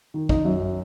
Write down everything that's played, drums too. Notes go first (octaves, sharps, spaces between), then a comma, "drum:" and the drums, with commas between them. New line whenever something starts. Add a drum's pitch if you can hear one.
D#3
D#4 D#5, drum: kick
F#2